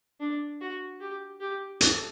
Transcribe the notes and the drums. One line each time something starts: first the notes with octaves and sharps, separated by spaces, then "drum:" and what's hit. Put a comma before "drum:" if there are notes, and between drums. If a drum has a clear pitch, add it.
D4
F#4
G4
G4
A4, drum: hi-hat